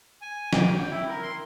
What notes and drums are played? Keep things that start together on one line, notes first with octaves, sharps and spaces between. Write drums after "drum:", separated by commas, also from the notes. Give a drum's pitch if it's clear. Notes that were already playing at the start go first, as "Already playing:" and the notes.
G#5
D6, drum: snare
G5
E4
A#4
C6